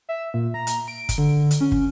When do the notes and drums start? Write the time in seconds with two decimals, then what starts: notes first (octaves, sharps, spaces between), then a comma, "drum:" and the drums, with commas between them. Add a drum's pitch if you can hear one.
0.09 E5
0.34 A#2
0.54 A#5
0.67 drum: hi-hat
0.88 D7
1.09 drum: kick, hi-hat
1.18 D3
1.51 drum: hi-hat
1.61 C#4
1.72 drum: kick